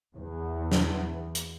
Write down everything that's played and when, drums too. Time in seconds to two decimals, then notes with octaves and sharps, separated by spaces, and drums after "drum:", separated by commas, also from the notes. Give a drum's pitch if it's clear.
0.16 E2
0.72 drum: snare
1.35 drum: hi-hat